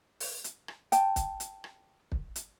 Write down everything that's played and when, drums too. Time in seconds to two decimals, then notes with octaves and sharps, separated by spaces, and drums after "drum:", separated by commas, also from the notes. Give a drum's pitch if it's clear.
0.20 drum: open hi-hat
0.44 drum: hi-hat
0.68 drum: rim click
0.92 G5 A5, drum: hi-hat
1.16 drum: kick, hi-hat
1.40 drum: hi-hat
1.64 drum: rim click
2.12 drum: kick
2.36 drum: hi-hat